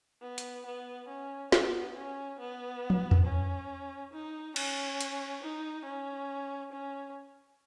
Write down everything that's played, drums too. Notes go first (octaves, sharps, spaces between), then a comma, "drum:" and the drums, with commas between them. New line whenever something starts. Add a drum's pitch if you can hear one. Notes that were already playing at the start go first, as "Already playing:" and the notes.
B3
drum: hi-hat
B3
C#4
B3, drum: snare
C#4
B3
drum: tom
drum: tom E2
C#4
D#4
C#4, drum: cymbal
drum: hi-hat
D#4
C#4
C#4